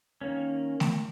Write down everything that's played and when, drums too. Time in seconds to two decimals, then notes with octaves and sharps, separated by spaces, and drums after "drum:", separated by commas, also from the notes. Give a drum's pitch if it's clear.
0.21 D#3 A#3 C#4
0.80 drum: snare A3